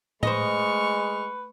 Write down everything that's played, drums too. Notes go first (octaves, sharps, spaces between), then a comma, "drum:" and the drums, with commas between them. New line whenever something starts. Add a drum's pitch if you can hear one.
G#3 A3 B4 C5 D#5 C#6 F6, drum: tom A2